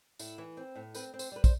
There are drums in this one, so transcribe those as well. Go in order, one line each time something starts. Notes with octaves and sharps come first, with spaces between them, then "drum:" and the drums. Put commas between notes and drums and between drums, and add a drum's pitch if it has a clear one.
A2 E4, drum: tambourine
E3
C4
A2
C4 B4, drum: tambourine
C4
C5, drum: tambourine
G3 B4
C5, drum: kick, tambourine